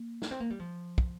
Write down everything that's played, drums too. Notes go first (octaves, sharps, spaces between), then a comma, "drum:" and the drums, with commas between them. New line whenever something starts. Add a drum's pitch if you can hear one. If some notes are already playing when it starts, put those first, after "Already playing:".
Already playing: A#3
drum: snare
C4
A#3
G3
F3
drum: kick